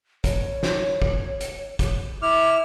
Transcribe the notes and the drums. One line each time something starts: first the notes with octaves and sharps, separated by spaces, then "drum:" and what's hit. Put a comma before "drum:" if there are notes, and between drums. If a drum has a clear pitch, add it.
C#5, drum: kick, hi-hat
drum: snare
drum: kick
drum: hi-hat
drum: kick, hi-hat
E4 D6 F6